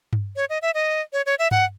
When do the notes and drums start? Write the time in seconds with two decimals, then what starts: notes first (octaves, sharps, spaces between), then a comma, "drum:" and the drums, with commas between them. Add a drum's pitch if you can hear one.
0.13 drum: tom G2
0.36 C#5
0.50 D#5
0.62 E5
0.74 D#5
1.13 C#5
1.26 C#5
1.39 E5
1.51 F#5, drum: tom G2